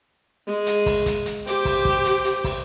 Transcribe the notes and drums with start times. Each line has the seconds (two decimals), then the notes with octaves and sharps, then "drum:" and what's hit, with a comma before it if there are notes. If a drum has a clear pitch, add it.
0.47 G#3 G#4
0.66 drum: hi-hat
0.86 drum: kick, open hi-hat
1.06 drum: kick, hi-hat
1.26 drum: hi-hat
1.47 G4 C5 D6, drum: hi-hat
1.65 drum: kick, open hi-hat
1.85 drum: kick
2.05 drum: hi-hat
2.25 drum: hi-hat
2.44 drum: kick, open hi-hat